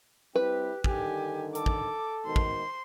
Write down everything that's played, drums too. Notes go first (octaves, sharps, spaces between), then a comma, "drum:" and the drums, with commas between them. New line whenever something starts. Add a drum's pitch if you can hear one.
G3 C4 E4 G4 B4
G2 D3 D#3 G4 G#5, drum: kick
A4 D6, drum: hi-hat
drum: kick
G#2 B2 D#3 C5 C6
drum: kick